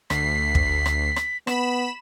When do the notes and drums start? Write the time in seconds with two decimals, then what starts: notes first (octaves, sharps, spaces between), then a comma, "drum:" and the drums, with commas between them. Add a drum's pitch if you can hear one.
0.10 D2 B6 C7, drum: rim click
0.55 drum: kick
0.86 drum: rim click
1.16 drum: rim click
1.47 B3 B5 E7, drum: rim click